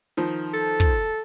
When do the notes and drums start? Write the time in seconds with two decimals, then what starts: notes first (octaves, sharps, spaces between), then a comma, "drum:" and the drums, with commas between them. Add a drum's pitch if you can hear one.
0.17 D#3 F3
0.54 A4
0.80 drum: kick